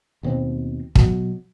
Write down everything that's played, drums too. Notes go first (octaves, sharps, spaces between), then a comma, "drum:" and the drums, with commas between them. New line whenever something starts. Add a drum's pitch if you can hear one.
D#2 B2 A#3 C4
B2 F#3, drum: kick